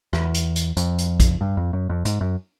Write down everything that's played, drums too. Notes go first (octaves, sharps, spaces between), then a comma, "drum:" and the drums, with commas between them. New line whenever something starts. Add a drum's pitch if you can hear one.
E2, drum: rim click
drum: hi-hat
drum: hi-hat
F2, drum: hi-hat
drum: hi-hat
drum: kick A#1, hi-hat
G2
F2
F#2
F2
G#2, drum: hi-hat
F#2